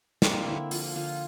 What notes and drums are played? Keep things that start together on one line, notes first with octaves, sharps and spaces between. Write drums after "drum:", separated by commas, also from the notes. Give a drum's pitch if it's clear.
A#3 C4, drum: snare
D3 E4
F3 F4, drum: open hi-hat
D3 F4